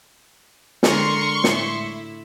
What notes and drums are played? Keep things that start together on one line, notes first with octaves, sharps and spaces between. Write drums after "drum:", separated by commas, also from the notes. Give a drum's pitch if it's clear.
D3 G#3 A#4 C6 C#6, drum: snare
A2 E4, drum: snare